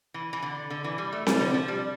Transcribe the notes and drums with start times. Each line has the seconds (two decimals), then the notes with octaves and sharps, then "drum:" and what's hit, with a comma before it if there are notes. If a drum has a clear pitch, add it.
0.14 E3
0.33 E3
0.42 D3
0.70 D3
0.84 E3
0.98 G3
1.12 A3
1.27 G3, drum: snare C4
1.41 D3
1.54 F3
1.68 G3